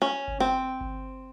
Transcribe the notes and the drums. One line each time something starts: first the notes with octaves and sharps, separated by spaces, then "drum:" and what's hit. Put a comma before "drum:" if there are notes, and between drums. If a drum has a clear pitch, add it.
C#4
drum: kick G1
C4
drum: kick G1